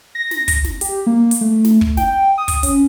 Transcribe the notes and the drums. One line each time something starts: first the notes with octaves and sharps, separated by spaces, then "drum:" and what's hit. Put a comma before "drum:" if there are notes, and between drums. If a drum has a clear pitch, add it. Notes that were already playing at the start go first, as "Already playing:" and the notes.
A#6
drum: snare
drum: kick, hi-hat
drum: snare
G4, drum: hi-hat
A#3
drum: hi-hat
A3
drum: snare
drum: kick
G5, drum: snare
D#6
drum: kick, hi-hat
C#4, drum: hi-hat